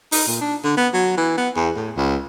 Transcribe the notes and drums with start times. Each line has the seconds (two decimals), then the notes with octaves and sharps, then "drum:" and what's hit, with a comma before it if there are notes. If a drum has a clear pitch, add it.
0.12 D#4, drum: open hi-hat
0.28 A#2
0.41 D4
0.64 D3
0.77 B3
0.94 F#3
1.17 E3
1.37 B3
1.56 E2
1.76 A2
1.97 C#2